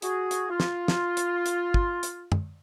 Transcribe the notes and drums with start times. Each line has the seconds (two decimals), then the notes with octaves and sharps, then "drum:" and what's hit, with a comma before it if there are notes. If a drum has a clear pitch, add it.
0.02 F#4 G#4, drum: hi-hat
0.31 drum: hi-hat
0.50 F4
0.60 drum: snare
0.88 drum: snare
1.17 drum: hi-hat
1.46 drum: hi-hat
1.74 drum: kick
2.03 drum: hi-hat
2.32 drum: tom